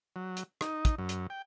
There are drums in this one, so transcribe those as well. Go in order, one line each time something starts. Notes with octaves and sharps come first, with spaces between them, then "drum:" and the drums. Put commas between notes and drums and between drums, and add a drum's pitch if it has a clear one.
F#3
drum: hi-hat
D#4, drum: rim click
drum: kick, hi-hat
F#2
drum: hi-hat
G5